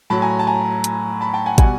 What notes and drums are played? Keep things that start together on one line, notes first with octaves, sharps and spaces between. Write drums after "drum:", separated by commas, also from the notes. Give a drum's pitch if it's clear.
A2 F#3 A5 B5
G#5 A#5
A5
G#5 A#5
drum: hi-hat
A5 B5
G5 A5
F#5 G#5
B2 G3 F#5 G#5, drum: kick, hi-hat